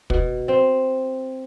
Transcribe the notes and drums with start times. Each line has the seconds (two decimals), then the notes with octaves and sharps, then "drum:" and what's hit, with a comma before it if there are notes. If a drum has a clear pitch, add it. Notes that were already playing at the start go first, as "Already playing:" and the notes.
0.10 B2, drum: kick
0.48 C4